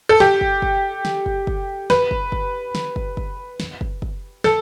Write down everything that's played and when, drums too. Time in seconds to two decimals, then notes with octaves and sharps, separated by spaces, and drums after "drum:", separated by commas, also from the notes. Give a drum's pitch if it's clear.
0.09 A4
0.20 G4, drum: snare
0.41 drum: kick
0.62 drum: kick
1.05 drum: snare
1.26 drum: kick
1.47 drum: kick
1.90 B4, drum: snare
2.11 drum: kick
2.32 drum: kick
2.75 drum: snare
2.96 drum: kick
3.17 drum: kick
3.60 drum: snare
3.81 drum: kick
4.02 drum: kick
4.44 A4, drum: snare